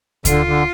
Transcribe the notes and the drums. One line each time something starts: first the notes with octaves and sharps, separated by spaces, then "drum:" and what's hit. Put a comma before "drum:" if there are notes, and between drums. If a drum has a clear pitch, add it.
D3 F4, drum: kick D2, hi-hat
D3